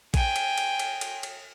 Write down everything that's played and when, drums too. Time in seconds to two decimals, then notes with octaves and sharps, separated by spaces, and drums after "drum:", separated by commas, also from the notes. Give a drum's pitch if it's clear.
0.14 G5 G#5, drum: kick A#1, cymbal
0.36 drum: cymbal
0.58 drum: cymbal
0.79 drum: cymbal
1.01 drum: cymbal
1.23 drum: cymbal